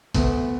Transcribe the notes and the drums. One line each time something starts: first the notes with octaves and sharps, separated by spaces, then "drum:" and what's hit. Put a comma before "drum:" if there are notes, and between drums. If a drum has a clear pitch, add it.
D2 A3 B3, drum: kick, hi-hat